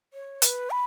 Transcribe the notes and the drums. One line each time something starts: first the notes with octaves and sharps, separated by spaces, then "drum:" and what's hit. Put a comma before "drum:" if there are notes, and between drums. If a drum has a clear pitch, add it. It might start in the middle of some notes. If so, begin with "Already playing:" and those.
C#5
B4, drum: hi-hat
B5